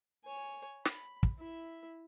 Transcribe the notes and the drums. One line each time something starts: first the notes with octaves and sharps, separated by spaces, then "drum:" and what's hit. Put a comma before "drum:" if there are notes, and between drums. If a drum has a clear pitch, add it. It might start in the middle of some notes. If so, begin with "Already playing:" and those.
C#5 G#5
B5, drum: snare
drum: kick
E4 E5